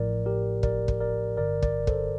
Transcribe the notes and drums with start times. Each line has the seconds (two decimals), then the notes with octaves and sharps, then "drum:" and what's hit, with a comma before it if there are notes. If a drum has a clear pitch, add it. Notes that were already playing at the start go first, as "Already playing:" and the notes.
Already playing: A1 A2 F3 A#4 D5
0.26 G4 A#4
0.63 A#4 D5, drum: kick
0.88 drum: kick
1.00 A#4 D5
1.37 G1 G2 D3 A#4 D5
1.62 A#4 D5, drum: kick
1.87 A4 C5, drum: kick